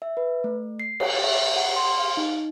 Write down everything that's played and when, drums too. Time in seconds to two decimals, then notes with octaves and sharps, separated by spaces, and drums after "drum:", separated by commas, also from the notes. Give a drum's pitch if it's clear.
0.02 E5
0.17 B4
0.44 A3
0.80 C7
1.00 C#5, drum: cymbal
1.24 E5
1.56 F#5
1.76 C6
1.98 F5
2.17 D#4